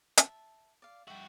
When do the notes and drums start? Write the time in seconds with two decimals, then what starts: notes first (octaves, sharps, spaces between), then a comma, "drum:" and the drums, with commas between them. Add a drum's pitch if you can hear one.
0.17 E5 A5, drum: hi-hat
0.82 D5 F5
1.07 G2 F#4 E5 G5